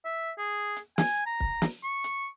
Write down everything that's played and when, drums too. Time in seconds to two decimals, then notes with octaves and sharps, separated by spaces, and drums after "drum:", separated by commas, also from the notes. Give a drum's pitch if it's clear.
0.05 E5
0.38 G#4
0.77 drum: hi-hat
0.98 G#5, drum: snare
1.26 A#5
1.40 drum: kick
1.62 drum: snare
1.83 C#6
2.04 drum: hi-hat